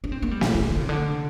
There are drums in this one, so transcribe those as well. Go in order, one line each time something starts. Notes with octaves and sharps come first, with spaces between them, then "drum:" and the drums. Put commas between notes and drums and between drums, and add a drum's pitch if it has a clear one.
D4
C4
A#3
G3
F3, drum: snare
E3
D3
C3
D3